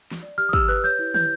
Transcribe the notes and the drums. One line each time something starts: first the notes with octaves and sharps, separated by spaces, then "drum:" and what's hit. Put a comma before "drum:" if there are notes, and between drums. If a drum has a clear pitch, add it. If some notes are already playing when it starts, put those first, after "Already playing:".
drum: snare
D5
G4 F6
D#6
G4 E6, drum: kick
B4 F#6
C#5 G6
E4
E4 G6, drum: tom